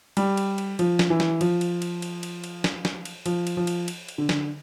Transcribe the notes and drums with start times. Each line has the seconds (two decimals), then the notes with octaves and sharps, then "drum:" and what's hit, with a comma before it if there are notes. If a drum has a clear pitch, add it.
0.17 G3, drum: cymbal
0.37 drum: cymbal
0.58 drum: cymbal
0.79 F3, drum: cymbal
0.99 drum: snare
1.10 E3
1.20 drum: snare
1.41 F3, drum: cymbal
1.61 drum: cymbal
1.82 drum: cymbal
2.02 drum: cymbal
2.23 drum: cymbal
2.44 drum: cymbal
2.64 drum: snare
2.85 drum: snare
3.05 drum: cymbal
3.26 F3, drum: cymbal
3.47 drum: cymbal
3.57 F3
3.67 drum: cymbal
3.88 drum: cymbal
4.09 drum: cymbal
4.18 D3
4.29 drum: snare